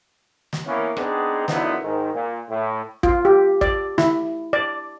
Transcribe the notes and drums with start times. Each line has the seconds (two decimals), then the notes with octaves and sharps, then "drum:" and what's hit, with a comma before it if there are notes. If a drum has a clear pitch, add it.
0.53 drum: snare
0.66 E3 A#3 B3 C#4
0.97 B3 C4 D4 D#4 G#4, drum: rim click
1.48 F#2 D3 F3 B3 D#4 E4, drum: snare
1.82 G#2 D#3
2.14 A#2
2.50 A2
3.03 F4, drum: kick
3.25 G4
3.61 D5, drum: kick
3.98 E4, drum: snare
4.53 D5